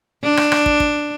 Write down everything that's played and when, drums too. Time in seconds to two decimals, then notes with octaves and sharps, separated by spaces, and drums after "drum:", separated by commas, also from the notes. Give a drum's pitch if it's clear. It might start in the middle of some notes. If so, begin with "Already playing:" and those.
0.23 D4
0.37 drum: rim click
0.52 drum: rim click
0.66 drum: kick
0.80 drum: kick